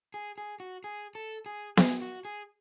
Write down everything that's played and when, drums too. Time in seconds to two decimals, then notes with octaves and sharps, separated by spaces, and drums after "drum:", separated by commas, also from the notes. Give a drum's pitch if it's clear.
0.14 G#4
0.38 G#4
0.60 F#4
0.84 G#4
1.15 A4
1.46 G#4
1.77 G#4, drum: snare B3
2.02 F#4
2.25 G#4